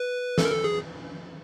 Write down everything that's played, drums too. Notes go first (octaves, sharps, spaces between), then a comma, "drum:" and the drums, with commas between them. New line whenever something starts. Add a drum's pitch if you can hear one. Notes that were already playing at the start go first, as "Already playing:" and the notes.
Already playing: B4
A4, drum: snare
A#4
A4
G#4